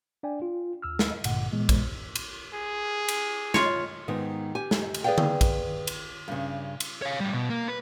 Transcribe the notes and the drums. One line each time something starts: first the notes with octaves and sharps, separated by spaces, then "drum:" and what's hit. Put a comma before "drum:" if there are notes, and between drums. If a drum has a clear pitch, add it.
D4 D5 G5 G#5
F4
D#2 E6 F6
drum: snare
A1 G2 A#2 D3 F#5, drum: cymbal
A#2 E3 G#3 B3
drum: kick A#1, cymbal
drum: cymbal
G#4
drum: cymbal
F4 C#5, drum: snare
G#2 D#3 B3
G4 G#5
drum: snare
drum: cymbal
G#4 B4 C#5 D5 F5 G5
drum: tom D3
drum: kick A#1, cymbal
drum: cymbal
G2 C#3
drum: cymbal
C#5 F5
A2 G3
B2
A#3
B4